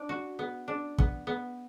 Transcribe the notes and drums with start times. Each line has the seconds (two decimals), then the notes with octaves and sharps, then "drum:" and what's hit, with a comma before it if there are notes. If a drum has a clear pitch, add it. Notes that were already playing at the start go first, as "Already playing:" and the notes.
Already playing: D4
0.09 F#4
0.39 B3
0.68 D4
0.98 B3, drum: kick
1.27 B3